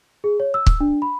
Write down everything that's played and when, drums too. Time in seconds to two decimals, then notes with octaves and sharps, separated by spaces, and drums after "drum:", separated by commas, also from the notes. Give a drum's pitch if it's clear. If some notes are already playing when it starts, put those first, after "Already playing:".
0.24 G#4
0.40 C#5
0.54 E6
0.66 E6, drum: kick
0.80 D4
1.02 B5